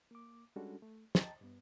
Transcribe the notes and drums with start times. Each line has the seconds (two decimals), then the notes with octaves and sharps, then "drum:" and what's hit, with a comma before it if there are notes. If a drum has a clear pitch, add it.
0.11 A#3 D6
0.56 G3 G#3 C#4 D4 F#4 A4
0.82 A3
1.15 D#5 G5 A5 A#5 A6, drum: snare
1.41 G2 B3